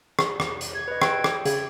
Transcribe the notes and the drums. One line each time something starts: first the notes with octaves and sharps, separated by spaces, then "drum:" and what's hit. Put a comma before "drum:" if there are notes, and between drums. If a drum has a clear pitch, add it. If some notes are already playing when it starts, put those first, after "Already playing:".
drum: rim click
drum: rim click
drum: hi-hat
G#6
B4 D#5
G5 E6 D7, drum: rim click
drum: rim click
C#3 G#6, drum: hi-hat